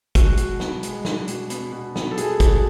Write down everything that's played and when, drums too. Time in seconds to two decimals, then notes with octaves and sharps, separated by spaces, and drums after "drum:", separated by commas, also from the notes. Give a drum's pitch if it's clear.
0.15 G#3 F#4, drum: kick, hi-hat
0.37 B2, drum: hi-hat
0.60 B3, drum: snare
0.83 G#3, drum: hi-hat
1.05 D4, drum: snare
1.28 B2, drum: hi-hat
1.50 B3, drum: hi-hat
1.72 B2
1.96 B3, drum: snare
2.11 A4
2.18 B2 G#4, drum: hi-hat
2.40 B2, drum: kick, hi-hat